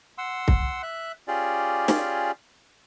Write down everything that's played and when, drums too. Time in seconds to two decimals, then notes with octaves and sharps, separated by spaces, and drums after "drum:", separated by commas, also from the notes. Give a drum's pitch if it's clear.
0.18 F#5 C6 E6
0.48 drum: kick
0.83 E5 F#6
1.28 C#4 F4 G4 G#4 D5
1.88 drum: snare